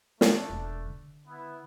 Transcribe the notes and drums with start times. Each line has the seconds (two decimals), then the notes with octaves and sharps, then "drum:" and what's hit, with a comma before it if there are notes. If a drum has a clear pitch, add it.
0.21 A3 D4, drum: snare
0.49 E1
0.85 D3
1.28 B3 E4